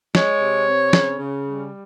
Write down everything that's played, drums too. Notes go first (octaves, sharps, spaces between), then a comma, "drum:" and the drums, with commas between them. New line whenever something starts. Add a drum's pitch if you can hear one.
G#3 C#5, drum: snare
C3
C4
C#3, drum: snare
C#3
G3